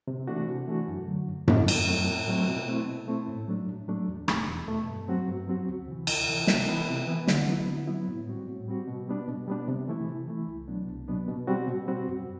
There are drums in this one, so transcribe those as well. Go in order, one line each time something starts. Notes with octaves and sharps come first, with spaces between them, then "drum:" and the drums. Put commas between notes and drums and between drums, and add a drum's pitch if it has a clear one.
C3
E3 A3 D4 F#4
C3
E3 A3 D4 F#4
F#2
D3 F#3
F#2
D3 F#3, drum: tom F#2
A2, drum: cymbal
F#3 A3 C4
A2
F#3 A3 C4
B2
A3 C4 E4
B2
A3 C4 E4
A2
F#3 A3 D4
A2
F#3 A3 D4
E2
B2 A3, drum: rim click
E2
B2 A3
G2
F#3 C4 F#4
G2
F#3 C4 F#4
D2
C3 E3
D2, drum: cymbal
C3 E3
C3, drum: snare
E3 B3 E4
C3
E3 B3 E4
D3, drum: snare
F#3 B3 E4
D3
F#3 B3 E4
A2
G3 C4 F#4
A2
G3 C4 F#4
B2
G3 B3 D4
B2
G3 B3 D4
C3
E3 A3 E4
C3
E3 A3 E4
C2
B2 F#3 B3 D4
C2
B2 F#3 B3 D4
B2
G3 C4 F#4
B2
G3 C4 F#4
F#2